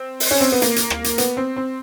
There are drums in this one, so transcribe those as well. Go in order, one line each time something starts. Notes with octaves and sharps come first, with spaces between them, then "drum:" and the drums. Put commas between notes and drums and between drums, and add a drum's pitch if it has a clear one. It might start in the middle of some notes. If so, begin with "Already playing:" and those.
Already playing: C4
drum: open hi-hat
C#4
C4
B3
A#3, drum: hi-hat
drum: hi-hat
drum: rim click
drum: hi-hat
B3, drum: hi-hat
C4
C4